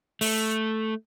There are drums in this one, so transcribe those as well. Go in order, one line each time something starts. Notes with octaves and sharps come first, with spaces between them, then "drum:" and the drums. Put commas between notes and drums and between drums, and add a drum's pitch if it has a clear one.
A3, drum: open hi-hat